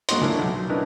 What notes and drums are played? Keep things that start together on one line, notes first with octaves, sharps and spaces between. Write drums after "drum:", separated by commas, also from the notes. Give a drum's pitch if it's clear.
G2 A#3 F#4 D#5 C6, drum: hi-hat
C#2 A#3 D4 E4
B1
C#4 D4 E4 A#4 B4 D#5